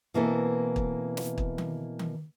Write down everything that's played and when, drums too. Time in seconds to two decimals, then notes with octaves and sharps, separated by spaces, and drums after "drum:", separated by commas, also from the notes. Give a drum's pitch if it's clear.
0.14 B2 E3 A#3 C4 E4 A4
0.76 drum: kick
1.17 drum: snare
1.38 drum: kick
1.58 drum: tom D#3
1.99 drum: tom D#3